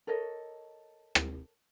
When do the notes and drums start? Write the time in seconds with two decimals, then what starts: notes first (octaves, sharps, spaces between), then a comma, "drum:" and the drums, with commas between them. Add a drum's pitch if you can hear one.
0.07 A4 A#4 C#5 D#5
1.15 drum: rim click